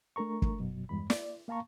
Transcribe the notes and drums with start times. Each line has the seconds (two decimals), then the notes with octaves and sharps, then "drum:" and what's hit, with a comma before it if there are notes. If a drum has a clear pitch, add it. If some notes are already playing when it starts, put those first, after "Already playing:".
0.16 A3 D4 A#4 A#5 C#6
0.42 drum: kick
0.59 F#2 B2 F#3
0.89 E2 G2 G#3 B5
1.10 D5, drum: snare
1.48 A#3 F5 A5 A#5 C#6